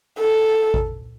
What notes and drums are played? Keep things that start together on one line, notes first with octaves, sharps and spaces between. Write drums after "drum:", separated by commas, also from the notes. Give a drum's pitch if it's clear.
A4
drum: kick A1